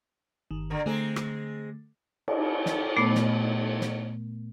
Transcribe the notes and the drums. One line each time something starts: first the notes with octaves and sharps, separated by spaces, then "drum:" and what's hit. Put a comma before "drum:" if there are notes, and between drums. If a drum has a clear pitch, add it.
G1 D#3
D3 A#3
D3 G#3 A3 C4 G#4
drum: rim click
drum: cymbal
drum: snare
A#2 A3 B3
drum: snare
drum: snare